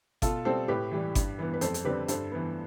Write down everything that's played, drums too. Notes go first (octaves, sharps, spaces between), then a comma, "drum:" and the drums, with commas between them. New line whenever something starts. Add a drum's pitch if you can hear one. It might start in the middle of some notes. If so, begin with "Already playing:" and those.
B2 F4 A4, drum: kick G1, hi-hat
G3 C4 A4 C5
A2 G4 B4
E3 G3
G2, drum: kick G1, hi-hat
E3 B3
B4
F2 A4 C5, drum: hi-hat
A4, drum: hi-hat
D3 G3 C4 G4 B4
G2 A4 C5, drum: hi-hat
E3 B3